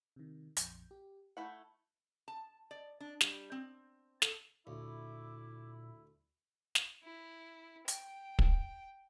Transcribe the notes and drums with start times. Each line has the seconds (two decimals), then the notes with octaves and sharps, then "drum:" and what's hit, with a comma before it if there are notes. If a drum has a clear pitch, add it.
0.16 C3 D#3
0.57 A#1 F2 G6, drum: hi-hat
0.91 G4
1.37 A3 E4 F#5 C#6 G6
2.28 A5
2.71 D5
3.00 D4
3.21 G3, drum: snare
3.52 C4
4.22 A4, drum: snare
4.67 D2 A#2 E4 D6
6.75 drum: snare
7.03 E4
7.88 G5, drum: hi-hat
8.39 drum: kick